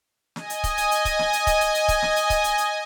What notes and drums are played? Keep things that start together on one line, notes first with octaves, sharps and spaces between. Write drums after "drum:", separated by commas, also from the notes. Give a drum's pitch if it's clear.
D#5 G#5, drum: snare
drum: hi-hat
drum: kick C#1, hi-hat
drum: hi-hat
drum: hi-hat
drum: kick C#1, hi-hat
drum: snare
drum: hi-hat
drum: kick C#1, hi-hat
drum: hi-hat
drum: hi-hat
drum: kick C#1, hi-hat
drum: snare
drum: hi-hat
drum: kick C#1, hi-hat
drum: hi-hat
drum: hi-hat